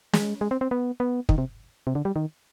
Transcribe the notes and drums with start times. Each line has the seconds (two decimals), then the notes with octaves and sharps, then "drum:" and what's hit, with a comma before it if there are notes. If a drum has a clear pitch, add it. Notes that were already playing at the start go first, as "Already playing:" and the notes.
0.13 G#3, drum: snare
0.41 G#3
0.51 C4
0.61 C4
0.71 B3
1.00 B3
1.29 D#3, drum: kick
1.38 C3
1.87 C3
1.95 D3
2.05 G3
2.16 D#3